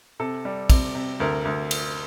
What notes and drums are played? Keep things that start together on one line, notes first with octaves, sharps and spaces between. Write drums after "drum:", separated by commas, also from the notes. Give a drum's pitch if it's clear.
C3 A4
G3
C3, drum: kick, cymbal
C3
D2 A#4
D2
drum: cymbal